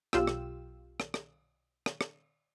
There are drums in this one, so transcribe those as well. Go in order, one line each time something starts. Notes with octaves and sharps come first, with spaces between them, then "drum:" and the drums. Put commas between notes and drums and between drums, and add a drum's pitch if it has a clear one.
B1 F4 G4 E6, drum: rim click
drum: rim click
drum: rim click
drum: rim click
drum: rim click
drum: rim click